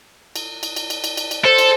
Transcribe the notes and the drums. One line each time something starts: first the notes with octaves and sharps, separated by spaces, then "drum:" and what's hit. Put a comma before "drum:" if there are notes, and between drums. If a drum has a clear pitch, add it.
drum: cymbal
drum: cymbal
drum: cymbal
drum: cymbal
drum: cymbal
drum: cymbal
drum: cymbal
A4 C5
drum: cymbal